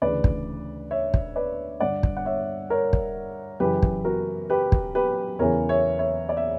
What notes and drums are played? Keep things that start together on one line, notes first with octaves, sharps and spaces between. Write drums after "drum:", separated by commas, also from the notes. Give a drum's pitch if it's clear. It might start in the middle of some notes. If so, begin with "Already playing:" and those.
D2 C#3 E3 B4 D5
drum: kick
C#5 E5
drum: kick
B4 D5
G2 D3 D5 F#5
drum: kick
F#5
C#5 E5
A#4 C#5
drum: kick
F#2 C#3 E3 G4 B4
drum: kick
F#4 A#4
G4 B4
drum: kick
G4 B4
E2 C#3 E3 A#4 C#5
C#5 E5
C#5 E5
D5
E5